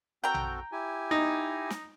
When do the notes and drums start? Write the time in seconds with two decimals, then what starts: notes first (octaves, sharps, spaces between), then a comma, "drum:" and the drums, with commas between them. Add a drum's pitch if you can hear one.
0.24 C4 F#4 A4 G5 A#5
0.34 drum: tom A#1
0.72 E4 G4 G#5
1.11 D#4
1.70 drum: snare